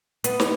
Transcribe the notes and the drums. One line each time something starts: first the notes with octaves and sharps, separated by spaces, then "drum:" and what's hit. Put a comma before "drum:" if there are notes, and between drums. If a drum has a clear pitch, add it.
B3, drum: hi-hat
drum: snare